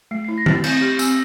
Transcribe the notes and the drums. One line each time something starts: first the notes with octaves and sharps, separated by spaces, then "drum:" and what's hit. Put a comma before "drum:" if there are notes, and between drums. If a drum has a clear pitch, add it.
A3 C7
E4 C7
A#6
E4, drum: tom D#3
A6
C4 G6, drum: cymbal
G4 F6
C4 E6, drum: tambourine